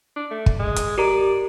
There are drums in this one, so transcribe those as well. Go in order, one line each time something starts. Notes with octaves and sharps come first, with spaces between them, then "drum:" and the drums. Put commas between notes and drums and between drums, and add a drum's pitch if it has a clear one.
D4
A3
drum: kick
G#3
drum: hi-hat
G4 A#4 D5 A#5